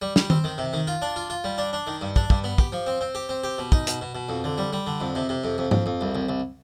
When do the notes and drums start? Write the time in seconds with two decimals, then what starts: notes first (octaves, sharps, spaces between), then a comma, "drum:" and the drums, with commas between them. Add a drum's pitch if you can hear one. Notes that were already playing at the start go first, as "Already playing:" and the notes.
0.02 G3
0.16 G3, drum: snare
0.30 C4, drum: tom D#3
0.44 D#3
0.58 C3
0.73 D#3
0.87 F4
1.02 D4
1.16 F4
1.30 F4
1.44 G3
1.58 D4
1.73 D4
1.87 D#3
2.01 G2
2.16 D4, drum: kick
2.30 G2, drum: kick
2.44 B3
2.58 G4, drum: kick
2.72 F3
2.87 C4
3.01 C4
3.15 G4
3.29 C4
3.44 G4
3.58 B2
3.72 D#4, drum: kick
3.87 B2, drum: hi-hat
4.01 B2
4.15 B2
4.29 F2
4.44 D3
4.58 G3
4.73 G3
4.87 D3
5.00 F2
5.15 C3
5.29 C3
5.44 F2
5.58 F2
5.71 F2, drum: tom G#2
5.86 F2
6.01 C2
6.15 C2
6.29 C2